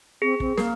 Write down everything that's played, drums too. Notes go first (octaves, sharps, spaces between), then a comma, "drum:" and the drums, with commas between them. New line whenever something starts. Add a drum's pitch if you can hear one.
C4 G#4
C4, drum: kick
A#3 A#4, drum: snare